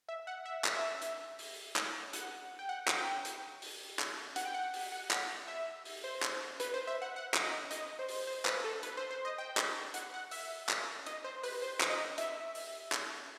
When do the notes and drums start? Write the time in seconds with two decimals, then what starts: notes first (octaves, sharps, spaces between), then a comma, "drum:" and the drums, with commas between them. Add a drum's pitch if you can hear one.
0.08 E5
0.27 F#5
0.46 E5
0.64 drum: clap
0.74 E5
1.02 drum: hi-hat
1.39 drum: open hi-hat
1.76 drum: clap
2.13 F#5, drum: hi-hat
2.59 G5
2.69 F#5
2.88 drum: clap
2.97 G5
3.25 drum: hi-hat
3.62 drum: open hi-hat
3.99 drum: clap
4.36 F#5, drum: hi-hat
4.45 G5
4.54 F#5
4.74 drum: open hi-hat
4.92 F#5
5.11 drum: clap
5.48 E5
5.85 drum: open hi-hat
6.04 C5
6.23 drum: clap
6.60 B4, drum: hi-hat
6.74 C5
6.87 E5
7.02 F#5
7.16 F#5
7.34 drum: clap
7.43 D#5
7.71 D#5, drum: hi-hat
7.99 C5
8.09 drum: open hi-hat
8.27 C5
8.45 B4, drum: clap
8.64 A4
8.83 B4, drum: hi-hat
8.97 C5
9.11 C5
9.25 D#5
9.38 G5
9.57 drum: clap
9.94 F#5, drum: hi-hat
10.14 F#5
10.31 E5, drum: open hi-hat
10.69 drum: clap
11.06 D#5, drum: hi-hat
11.24 C5
11.43 B4, drum: open hi-hat
11.62 C5
11.81 drum: clap
11.90 D#5
12.18 E5, drum: hi-hat
12.55 drum: open hi-hat
12.92 drum: clap